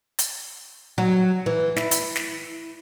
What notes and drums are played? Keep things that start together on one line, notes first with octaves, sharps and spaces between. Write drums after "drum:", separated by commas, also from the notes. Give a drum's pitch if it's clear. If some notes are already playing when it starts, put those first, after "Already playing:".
drum: hi-hat
F#3
E3
E4, drum: snare
drum: hi-hat
drum: snare